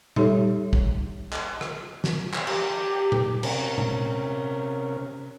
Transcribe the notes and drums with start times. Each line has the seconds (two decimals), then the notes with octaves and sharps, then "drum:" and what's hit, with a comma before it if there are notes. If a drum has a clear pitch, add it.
0.16 G3 D#4 G4 A4 C#5 E5, drum: tom A#2
0.73 drum: kick
1.33 drum: clap
1.61 drum: rim click
2.04 drum: snare
2.34 drum: clap
2.47 G4, drum: cymbal
3.12 drum: tom A#2
3.43 C3 C#4 A#4, drum: cymbal
3.78 drum: tom A#2